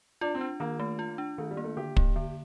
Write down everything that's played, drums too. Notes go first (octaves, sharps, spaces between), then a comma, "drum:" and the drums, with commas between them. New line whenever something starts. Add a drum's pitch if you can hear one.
D4 F4
C4
D4
D#3 A#3
A3
F4
D4
D#3 A3
G3
A#3
A3
D3 G4
A#3, drum: kick
D3